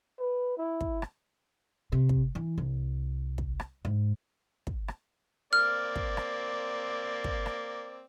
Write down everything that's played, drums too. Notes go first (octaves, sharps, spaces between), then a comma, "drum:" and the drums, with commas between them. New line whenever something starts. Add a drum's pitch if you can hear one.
B4
E4
drum: kick
drum: rim click
C3
drum: kick
E3
C2
drum: kick
drum: rim click
G#2
drum: kick
drum: rim click
A#3 C4 D5 F6
drum: kick
drum: rim click
drum: kick
drum: rim click